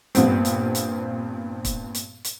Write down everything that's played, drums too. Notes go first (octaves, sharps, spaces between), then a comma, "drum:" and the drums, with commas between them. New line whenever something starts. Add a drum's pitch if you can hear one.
G2 A#2 B3 C4, drum: hi-hat
drum: hi-hat
drum: hi-hat
drum: kick, hi-hat
drum: hi-hat
drum: hi-hat